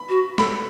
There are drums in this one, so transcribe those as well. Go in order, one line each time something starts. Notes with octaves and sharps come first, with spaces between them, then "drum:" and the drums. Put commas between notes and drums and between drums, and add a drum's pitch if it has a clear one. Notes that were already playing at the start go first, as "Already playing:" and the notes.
Already playing: B5
F#4
A4 B5, drum: snare